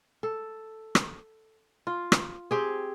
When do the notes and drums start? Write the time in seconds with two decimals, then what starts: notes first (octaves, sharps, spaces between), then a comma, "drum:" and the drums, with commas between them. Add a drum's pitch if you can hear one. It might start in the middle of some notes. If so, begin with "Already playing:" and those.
0.23 A4
0.95 drum: rim click
1.87 F4
2.12 drum: rim click
2.51 C4 G4 G#4